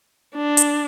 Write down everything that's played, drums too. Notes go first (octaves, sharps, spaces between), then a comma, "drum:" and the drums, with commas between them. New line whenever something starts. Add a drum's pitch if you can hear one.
D4
drum: hi-hat